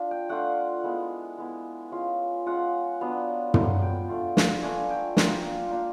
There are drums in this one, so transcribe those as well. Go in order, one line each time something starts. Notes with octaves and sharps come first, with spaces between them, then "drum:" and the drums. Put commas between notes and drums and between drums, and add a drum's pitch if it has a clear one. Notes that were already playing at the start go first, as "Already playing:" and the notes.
Already playing: D4 F4
G5
A3 D4 F4 F#5
G#3 B3 E4
G#3 B3 E4
G#3 C#4 F4
G#3 C#4 F4 F#5
F#3 B3 D4 F4
F#3 B3 D4 F4 F#5, drum: tom
G5
A3 D4 F4
drum: snare
A3 D4 F4 G#5
G5
A#3 D4 F4 F5, drum: snare
A#3 D4 F4